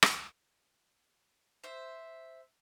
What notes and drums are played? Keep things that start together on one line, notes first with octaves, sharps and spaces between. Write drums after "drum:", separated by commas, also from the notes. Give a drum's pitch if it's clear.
drum: rim click
C5 E5